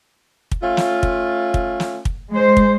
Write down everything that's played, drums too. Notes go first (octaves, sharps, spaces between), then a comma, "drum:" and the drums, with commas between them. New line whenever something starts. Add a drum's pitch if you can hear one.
drum: kick
A3 C#4 F4
drum: snare
drum: kick
drum: kick
drum: snare
drum: kick
G#3 C5
drum: kick